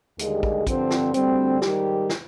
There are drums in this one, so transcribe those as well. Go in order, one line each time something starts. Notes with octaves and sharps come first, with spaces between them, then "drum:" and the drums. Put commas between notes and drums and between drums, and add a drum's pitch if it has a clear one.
D#2 D3 G3 G#3, drum: hi-hat
drum: kick
G2 D3 F3 C4, drum: kick, hi-hat
drum: snare
D2 D3 G3 C4, drum: hi-hat
G#2 D#3 G3 G4, drum: snare
drum: snare